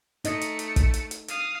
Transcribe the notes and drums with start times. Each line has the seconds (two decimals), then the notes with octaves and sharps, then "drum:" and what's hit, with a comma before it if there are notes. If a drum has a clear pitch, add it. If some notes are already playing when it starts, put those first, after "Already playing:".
0.25 A3 D#4 D#5 C#7, drum: hi-hat
0.41 drum: hi-hat
0.59 drum: hi-hat
0.76 drum: kick, hi-hat
0.94 drum: hi-hat
1.11 drum: hi-hat
1.28 F5 D#6, drum: hi-hat